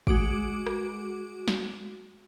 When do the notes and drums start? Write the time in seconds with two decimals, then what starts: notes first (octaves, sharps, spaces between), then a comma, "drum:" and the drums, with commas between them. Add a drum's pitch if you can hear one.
0.07 G#3 F#4 D6 D7, drum: kick
0.67 drum: rim click
1.48 drum: snare